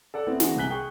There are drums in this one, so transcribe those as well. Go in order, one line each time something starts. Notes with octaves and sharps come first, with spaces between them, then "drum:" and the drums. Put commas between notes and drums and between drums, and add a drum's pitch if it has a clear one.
A4 D5 F#5
A3 B3 C4 E4
E3 F#4 G#4, drum: snare
C2 C3 G#5 F#6 B6 G7
G#4 G5 C#6